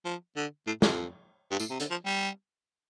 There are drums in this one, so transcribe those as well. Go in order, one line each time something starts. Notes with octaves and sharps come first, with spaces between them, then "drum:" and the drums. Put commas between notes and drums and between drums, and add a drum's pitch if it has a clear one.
F3
D3
A2
F2, drum: snare
G2
A2, drum: tambourine
C3
D3, drum: hi-hat
F3
G3